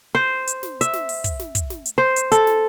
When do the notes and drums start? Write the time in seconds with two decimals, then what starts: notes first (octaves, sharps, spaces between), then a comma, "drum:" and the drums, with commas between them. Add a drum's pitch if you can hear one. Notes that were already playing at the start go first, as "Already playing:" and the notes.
0.15 C5
0.47 drum: hi-hat
0.63 drum: snare
0.81 E5, drum: hi-hat
0.93 drum: snare
1.09 drum: open hi-hat
1.24 drum: kick, hi-hat
1.39 drum: snare
1.55 drum: kick, hi-hat
1.70 drum: snare
1.86 drum: hi-hat
1.98 C5
2.16 drum: hi-hat
2.32 A4, drum: hi-hat
2.47 drum: snare